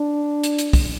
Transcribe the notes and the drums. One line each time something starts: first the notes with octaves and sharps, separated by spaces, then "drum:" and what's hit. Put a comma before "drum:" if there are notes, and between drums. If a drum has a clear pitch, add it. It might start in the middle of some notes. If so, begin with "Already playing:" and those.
Already playing: D4
drum: hi-hat
drum: hi-hat
drum: kick, open hi-hat